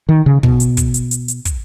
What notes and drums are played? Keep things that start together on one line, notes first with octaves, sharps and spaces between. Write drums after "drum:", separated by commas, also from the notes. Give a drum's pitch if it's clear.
D#3
C#3
B2, drum: kick
drum: hi-hat
drum: kick, hi-hat
drum: hi-hat
drum: hi-hat
drum: hi-hat
drum: kick, hi-hat